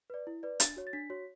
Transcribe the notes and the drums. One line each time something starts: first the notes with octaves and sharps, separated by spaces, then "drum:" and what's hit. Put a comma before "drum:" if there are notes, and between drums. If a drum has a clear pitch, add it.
B4 D5
E4
B4 D5
D4 A6, drum: hi-hat
F#4 C#5
A6
D4 B6
F#4 C#5